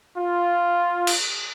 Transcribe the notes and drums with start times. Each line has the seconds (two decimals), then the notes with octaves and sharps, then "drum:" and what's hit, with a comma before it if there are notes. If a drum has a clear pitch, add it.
0.17 F4
1.07 drum: cymbal